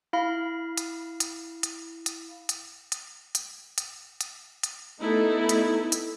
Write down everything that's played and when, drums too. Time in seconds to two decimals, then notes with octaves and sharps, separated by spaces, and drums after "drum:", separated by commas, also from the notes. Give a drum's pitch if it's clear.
0.13 E4 F5 B5
0.77 drum: hi-hat
1.20 drum: hi-hat
1.63 drum: hi-hat
2.06 drum: hi-hat
2.49 drum: hi-hat
2.92 drum: hi-hat
3.35 drum: hi-hat
3.78 drum: hi-hat
4.21 drum: hi-hat
4.63 drum: hi-hat
5.02 A3 B3 D#4 E4 A4
5.49 drum: hi-hat
5.92 drum: hi-hat